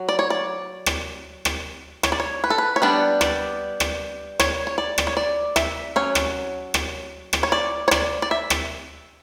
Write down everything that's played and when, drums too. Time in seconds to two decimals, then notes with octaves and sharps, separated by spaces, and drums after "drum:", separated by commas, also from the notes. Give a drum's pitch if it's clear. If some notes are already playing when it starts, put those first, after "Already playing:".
Already playing: F#3
0.09 D5
0.19 C#5
0.30 D5
0.86 drum: rim click
1.45 drum: rim click
2.03 C#5, drum: rim click
2.12 D5
2.20 C#5
2.44 B4
2.50 A4
2.58 B4
2.76 C#5
2.82 G3 B3 D4 D5
3.21 D5, drum: rim click
3.80 drum: rim click
4.40 C#5, drum: rim click
4.67 C#5
4.78 D5
4.98 drum: rim click
5.07 C#5
5.17 D5
5.56 E5, drum: rim click
5.96 F#3 C#4 C#5
6.15 drum: rim click
6.74 drum: rim click
7.33 drum: rim click
7.43 C#5
7.52 D5
7.88 C#5
7.91 D5, drum: rim click
8.22 D5
8.31 E5
8.50 drum: rim click